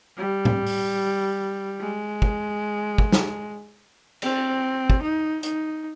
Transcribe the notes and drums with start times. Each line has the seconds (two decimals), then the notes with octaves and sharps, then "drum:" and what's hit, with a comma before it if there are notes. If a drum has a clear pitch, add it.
0.18 G3
0.45 drum: tom A2
0.66 drum: open hi-hat
1.79 G#3
2.22 drum: kick
2.98 drum: kick
3.12 drum: snare
4.22 C4, drum: cymbal
4.90 drum: kick
5.02 D#4
5.43 D#4, drum: hi-hat